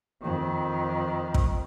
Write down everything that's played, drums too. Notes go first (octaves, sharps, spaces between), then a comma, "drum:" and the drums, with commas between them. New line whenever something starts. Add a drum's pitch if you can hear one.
F2 D#3
drum: kick